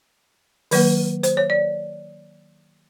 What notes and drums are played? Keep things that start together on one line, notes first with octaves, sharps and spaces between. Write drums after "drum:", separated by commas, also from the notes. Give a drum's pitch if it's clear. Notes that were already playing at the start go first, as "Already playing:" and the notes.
D#3 F#3 A#3 B4, drum: open hi-hat
C5, drum: hi-hat
C#5
D5